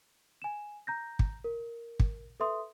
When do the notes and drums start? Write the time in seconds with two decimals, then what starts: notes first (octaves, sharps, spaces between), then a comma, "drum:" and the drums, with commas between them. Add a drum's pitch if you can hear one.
0.42 G#5 E7
0.87 A#5 G6 A#6
1.19 drum: kick
1.44 A#4
2.00 drum: kick
2.40 A4 B4 E5 C6 D#6